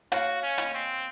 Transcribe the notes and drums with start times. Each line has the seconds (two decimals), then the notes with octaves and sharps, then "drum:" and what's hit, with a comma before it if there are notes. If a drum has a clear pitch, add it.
0.12 F#4 C#5 F5, drum: hi-hat
0.43 C#4
0.58 D#5, drum: hi-hat
0.74 C4